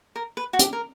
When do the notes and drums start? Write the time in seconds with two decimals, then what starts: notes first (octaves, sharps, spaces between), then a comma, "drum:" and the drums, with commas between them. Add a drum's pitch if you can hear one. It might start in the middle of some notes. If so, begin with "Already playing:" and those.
0.16 A#4
0.37 B4
0.53 F#4
0.59 G4, drum: hi-hat
0.73 A#4